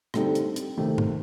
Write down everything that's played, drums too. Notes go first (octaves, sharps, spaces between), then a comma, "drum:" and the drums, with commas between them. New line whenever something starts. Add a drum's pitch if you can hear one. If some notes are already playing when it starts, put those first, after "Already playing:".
D3 G3 C4 D#4 A4, drum: rim click
drum: hi-hat
drum: hi-hat
C3 D#3 A3 C4
drum: tom G#2